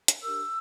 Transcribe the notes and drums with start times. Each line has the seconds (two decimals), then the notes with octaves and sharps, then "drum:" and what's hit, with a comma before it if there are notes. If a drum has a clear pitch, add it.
0.08 drum: hi-hat
0.23 D4 G4 A#4 E6